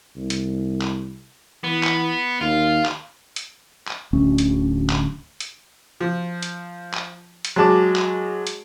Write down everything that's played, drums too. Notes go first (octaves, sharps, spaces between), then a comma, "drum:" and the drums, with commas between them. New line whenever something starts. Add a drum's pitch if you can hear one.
C2
drum: hi-hat
drum: clap
E3 B3
drum: clap
D#2 F4
drum: clap
drum: hi-hat
drum: clap
D1 D2 C#4
drum: hi-hat
drum: clap
drum: hi-hat
F3
drum: hi-hat
drum: clap
drum: hi-hat
F#3 G#3 A5 D6
drum: clap
drum: hi-hat